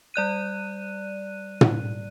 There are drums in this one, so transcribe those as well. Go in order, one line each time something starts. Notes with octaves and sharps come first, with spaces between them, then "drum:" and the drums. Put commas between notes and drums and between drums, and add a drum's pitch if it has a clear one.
G3 D5 F#6 D#7
drum: tom